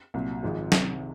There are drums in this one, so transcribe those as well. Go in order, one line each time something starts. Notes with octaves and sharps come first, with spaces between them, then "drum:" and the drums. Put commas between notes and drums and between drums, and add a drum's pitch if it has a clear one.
C2 A#2 F#3
G#1 G#2 F3
C2 C3 D#3, drum: snare